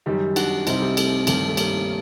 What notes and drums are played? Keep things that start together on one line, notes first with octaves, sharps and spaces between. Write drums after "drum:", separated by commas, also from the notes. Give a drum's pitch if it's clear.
F#2 D#3 G3 D#4 G4
D4 F#4, drum: cymbal
C2 C3 G3 C4 D#4, drum: cymbal
G3
A3, drum: cymbal
G2 D#3 G3 A3, drum: cymbal
A3
G3 A#3, drum: cymbal